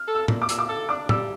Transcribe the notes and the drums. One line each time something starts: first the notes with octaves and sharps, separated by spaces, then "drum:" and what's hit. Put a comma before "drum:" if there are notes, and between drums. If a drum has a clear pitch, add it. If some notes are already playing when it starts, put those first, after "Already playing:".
Already playing: F6
A4
E6
A#2, drum: tom
D6
A#2 E6, drum: hi-hat
D6
A4 E6
D4 D6
G3 E6, drum: tom